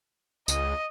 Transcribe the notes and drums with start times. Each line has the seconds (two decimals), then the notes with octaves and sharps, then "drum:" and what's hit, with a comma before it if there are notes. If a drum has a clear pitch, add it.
0.48 C#2 D#5, drum: tambourine